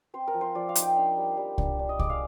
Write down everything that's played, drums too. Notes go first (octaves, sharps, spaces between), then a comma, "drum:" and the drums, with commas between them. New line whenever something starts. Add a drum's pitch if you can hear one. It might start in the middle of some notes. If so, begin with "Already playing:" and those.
C4 C5
A#4
F3
C5
F3 D5
F5
D#4, drum: hi-hat
G5
D4
G3
G3
D4, drum: kick C2
D4
D#5
G#3 D5, drum: kick C2
F5